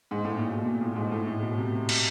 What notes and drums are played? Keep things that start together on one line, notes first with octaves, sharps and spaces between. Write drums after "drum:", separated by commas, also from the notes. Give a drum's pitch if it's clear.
G#2
A2
A#2
B2
A#2
A2
G#2
A2
A2
B2
C3
drum: cymbal